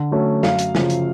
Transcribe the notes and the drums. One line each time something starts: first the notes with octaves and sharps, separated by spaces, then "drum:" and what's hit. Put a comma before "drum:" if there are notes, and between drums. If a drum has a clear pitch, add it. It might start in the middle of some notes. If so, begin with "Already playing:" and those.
Already playing: D3
F#3 A3 C#4
F#2 F5, drum: snare
drum: hi-hat
C#3 F3, drum: snare
drum: hi-hat